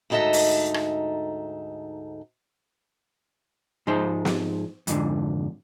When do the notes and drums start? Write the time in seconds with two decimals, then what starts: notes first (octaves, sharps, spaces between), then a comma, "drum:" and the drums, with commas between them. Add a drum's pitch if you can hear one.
0.10 D2 G#2 D#4 A4 E5 A#5
0.33 drum: open hi-hat
0.74 drum: rim click
3.87 G#2 F3 G#3 D#4 C5
4.25 drum: snare
4.87 F2 G#2 D3, drum: hi-hat